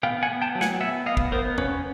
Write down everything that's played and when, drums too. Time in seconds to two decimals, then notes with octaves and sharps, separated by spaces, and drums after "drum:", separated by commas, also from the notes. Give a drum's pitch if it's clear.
0.03 B3 F5 G5
0.23 F#5 G#5
0.29 B3
0.42 G5 A5
0.55 F#3
0.61 F#5 G#5, drum: snare
0.81 B3 E5 F#5
1.06 B3 D#5 F5
1.17 drum: kick
1.32 B3 A#4 C5
1.58 C#4 B4 C#5, drum: tom E2